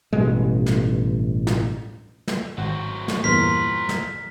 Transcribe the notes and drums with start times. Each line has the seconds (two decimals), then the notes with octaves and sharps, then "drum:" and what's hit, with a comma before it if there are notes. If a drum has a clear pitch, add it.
0.13 A1 G2 B2 G#3
0.66 drum: snare
1.47 drum: snare
2.28 drum: snare
2.58 G#1 F#3 C4 F#4 F#5
3.08 drum: snare
3.24 E2 G2 A#2 A#4 C5 F6 B6
3.89 drum: snare